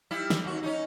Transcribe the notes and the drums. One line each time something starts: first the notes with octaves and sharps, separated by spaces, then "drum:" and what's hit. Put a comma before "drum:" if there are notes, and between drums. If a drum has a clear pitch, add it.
G3 E4
drum: snare
D#2 F#4
C#4 D#4